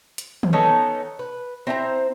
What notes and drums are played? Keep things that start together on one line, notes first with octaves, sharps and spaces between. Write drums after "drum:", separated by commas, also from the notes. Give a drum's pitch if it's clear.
drum: hi-hat
drum: tom D#3
B3 C#4 D#4 A4
B4
C4 E4 C5 A#5